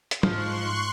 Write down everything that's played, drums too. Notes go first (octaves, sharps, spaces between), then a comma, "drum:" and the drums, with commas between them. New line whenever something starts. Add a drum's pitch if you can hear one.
drum: hi-hat
G#2 F3 C6 C#6 F#6, drum: tom